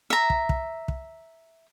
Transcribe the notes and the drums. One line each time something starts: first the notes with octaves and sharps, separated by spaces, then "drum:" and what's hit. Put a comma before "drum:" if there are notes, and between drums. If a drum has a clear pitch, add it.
E5 A#5
drum: kick
drum: kick
drum: kick